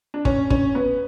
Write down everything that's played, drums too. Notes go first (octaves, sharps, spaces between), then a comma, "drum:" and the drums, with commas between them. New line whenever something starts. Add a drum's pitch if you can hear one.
D4
C#4, drum: kick
C#4, drum: kick
B3